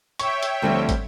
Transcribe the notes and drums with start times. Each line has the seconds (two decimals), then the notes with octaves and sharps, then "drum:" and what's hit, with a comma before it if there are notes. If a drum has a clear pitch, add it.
0.19 C#5 E5 G5 C#6, drum: hi-hat
0.43 drum: hi-hat
0.62 D2 D3 F3 G3 A3 C4
0.89 drum: kick, hi-hat